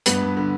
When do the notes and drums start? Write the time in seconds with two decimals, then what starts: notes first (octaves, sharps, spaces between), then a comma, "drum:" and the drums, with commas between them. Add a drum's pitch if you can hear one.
0.06 G2 B3 B4, drum: hi-hat
0.22 G2
0.37 D3